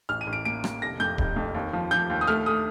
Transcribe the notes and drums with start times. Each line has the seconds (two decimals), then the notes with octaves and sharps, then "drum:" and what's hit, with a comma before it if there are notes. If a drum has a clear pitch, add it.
0.09 A1 F6
0.21 D#7
0.27 A1
0.33 D7
0.45 A#3 D7
0.64 A#3, drum: rim click
0.82 F1 A#6
1.00 F2 G6
1.18 F1, drum: kick D1
1.36 F2
1.54 D#2
1.73 F3
1.91 F3 G6
2.10 D#2
2.21 D#6
2.27 A3 F6
2.46 A3 D#6